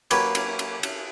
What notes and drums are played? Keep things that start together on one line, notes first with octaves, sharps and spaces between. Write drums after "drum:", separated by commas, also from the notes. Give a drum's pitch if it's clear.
F#3 A#3 C#4 G4 B4, drum: cymbal
drum: cymbal
drum: cymbal
drum: cymbal